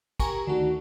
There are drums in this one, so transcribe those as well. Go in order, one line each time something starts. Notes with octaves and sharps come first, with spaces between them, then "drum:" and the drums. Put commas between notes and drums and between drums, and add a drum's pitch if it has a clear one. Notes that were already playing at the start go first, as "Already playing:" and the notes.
G4 A#4 G#5 A#5 C#6, drum: kick, cymbal
D2 D3 D#3 A3 F#4